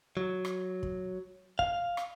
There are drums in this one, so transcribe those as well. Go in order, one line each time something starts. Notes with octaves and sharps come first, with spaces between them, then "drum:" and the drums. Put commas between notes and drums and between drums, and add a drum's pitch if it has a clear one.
F#3
drum: rim click
drum: kick
F5, drum: kick
drum: rim click